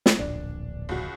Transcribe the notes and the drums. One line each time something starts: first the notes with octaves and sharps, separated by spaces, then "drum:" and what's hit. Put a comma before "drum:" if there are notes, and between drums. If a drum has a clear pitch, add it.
drum: snare
D1 A#1 D4
C#2 F#4